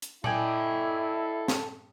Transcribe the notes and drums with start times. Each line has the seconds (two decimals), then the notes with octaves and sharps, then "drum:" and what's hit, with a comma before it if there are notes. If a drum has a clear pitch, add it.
0.02 drum: hi-hat
0.24 E4 A4 D5 D#5 G5 G#5, drum: tom A#2
1.48 drum: snare